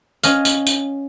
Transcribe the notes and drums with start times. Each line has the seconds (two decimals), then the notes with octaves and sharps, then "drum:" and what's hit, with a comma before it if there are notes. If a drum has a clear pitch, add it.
0.23 C#4 D#5 F5, drum: tambourine
0.45 drum: tambourine
0.67 drum: tambourine